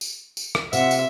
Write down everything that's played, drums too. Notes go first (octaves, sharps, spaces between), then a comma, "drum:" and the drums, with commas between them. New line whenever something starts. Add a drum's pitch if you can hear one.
drum: tambourine
drum: tambourine
drum: rim click
C3 F4 E5 F#5, drum: tambourine
drum: tambourine